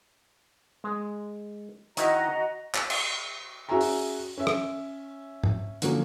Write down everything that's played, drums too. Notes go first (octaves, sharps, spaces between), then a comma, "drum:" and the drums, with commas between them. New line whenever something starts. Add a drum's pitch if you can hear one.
G#3
D#3 E4 F#4 D#5 E5 A#5, drum: hi-hat
drum: clap
drum: cymbal
C#4 F#4 G#4 E5 G#5 A#5
drum: open hi-hat
C#4 E5
drum: rim click
drum: tom
D3 F3 F#3 A#3 C#4, drum: hi-hat